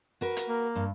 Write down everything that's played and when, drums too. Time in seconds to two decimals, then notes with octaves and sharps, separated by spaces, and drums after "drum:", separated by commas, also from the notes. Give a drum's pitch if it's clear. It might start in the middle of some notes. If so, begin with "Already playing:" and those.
0.21 F#4 A#4 B4
0.37 drum: hi-hat
0.48 A#3
0.75 G2